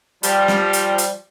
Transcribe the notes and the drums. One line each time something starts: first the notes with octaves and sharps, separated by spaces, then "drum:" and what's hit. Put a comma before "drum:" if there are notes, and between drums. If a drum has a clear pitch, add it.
F3 G3, drum: hi-hat
drum: snare
drum: hi-hat
drum: hi-hat